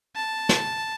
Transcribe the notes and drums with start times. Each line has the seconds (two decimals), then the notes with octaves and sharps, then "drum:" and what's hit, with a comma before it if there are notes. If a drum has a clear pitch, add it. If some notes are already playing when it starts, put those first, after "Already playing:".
0.16 A5
0.49 drum: snare